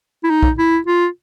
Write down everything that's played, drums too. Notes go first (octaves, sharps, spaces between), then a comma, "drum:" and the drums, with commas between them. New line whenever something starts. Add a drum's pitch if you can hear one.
E4
D#4
drum: kick B1
E4
F4